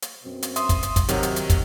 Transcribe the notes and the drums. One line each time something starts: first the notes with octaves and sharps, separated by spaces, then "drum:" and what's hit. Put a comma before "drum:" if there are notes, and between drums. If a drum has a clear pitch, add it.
drum: hi-hat
F#2 B2 C4
drum: hi-hat
E5 C6 D#6, drum: hi-hat
drum: kick, hi-hat
drum: hi-hat
drum: kick, hi-hat
C3 D#3 F#3, drum: hi-hat
drum: hi-hat
drum: hi-hat
drum: kick, hi-hat